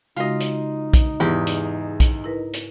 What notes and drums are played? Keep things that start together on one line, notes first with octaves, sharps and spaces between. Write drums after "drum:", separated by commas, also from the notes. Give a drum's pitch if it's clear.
C#3 G#3 D#4 F4 F#4 D#5
drum: hi-hat
drum: kick, hi-hat
E2 G#2 G#3 G4
drum: hi-hat
drum: kick, hi-hat
E4 A#4 B4
drum: hi-hat